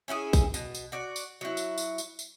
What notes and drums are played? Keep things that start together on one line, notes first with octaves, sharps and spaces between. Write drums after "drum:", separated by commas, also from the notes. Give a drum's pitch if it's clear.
C#4 E4 F#4 G#4
drum: kick A#1, tambourine
B2, drum: tambourine
drum: tambourine
F#4 D5
drum: tambourine
F#3 E4
drum: tambourine
drum: tambourine
drum: tambourine
drum: tambourine